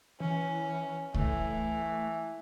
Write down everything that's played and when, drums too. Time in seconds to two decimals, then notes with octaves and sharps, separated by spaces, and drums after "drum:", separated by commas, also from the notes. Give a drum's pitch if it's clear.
0.20 E3 C#4
1.14 E3 A3, drum: kick C2